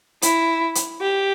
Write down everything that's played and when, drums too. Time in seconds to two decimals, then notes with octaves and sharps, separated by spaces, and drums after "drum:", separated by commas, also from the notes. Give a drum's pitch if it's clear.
0.22 E4, drum: hi-hat
0.75 drum: hi-hat
1.01 G4